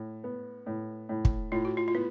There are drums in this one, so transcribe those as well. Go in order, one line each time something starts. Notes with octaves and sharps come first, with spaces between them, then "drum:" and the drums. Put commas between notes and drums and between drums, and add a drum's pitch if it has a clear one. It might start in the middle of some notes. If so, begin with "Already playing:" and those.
Already playing: A2
B3
A2
A2
drum: kick
A2 F4
F#4
F4
F4
B3 E4